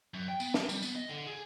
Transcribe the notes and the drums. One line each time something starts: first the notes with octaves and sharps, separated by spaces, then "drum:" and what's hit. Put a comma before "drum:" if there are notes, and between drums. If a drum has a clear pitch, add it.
F#2
G5
B3, drum: tambourine
C4, drum: snare
G3, drum: tambourine
B3, drum: tambourine
D#5
D3
G#4